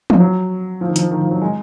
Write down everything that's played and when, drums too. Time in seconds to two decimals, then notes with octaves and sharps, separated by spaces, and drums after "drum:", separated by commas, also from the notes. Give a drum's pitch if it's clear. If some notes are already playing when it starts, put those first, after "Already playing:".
0.10 F3, drum: tom
0.20 F#3
0.81 F3
0.89 D#3
0.96 F3, drum: hi-hat
1.11 D#3
1.21 F3
1.31 F#3
1.42 G#3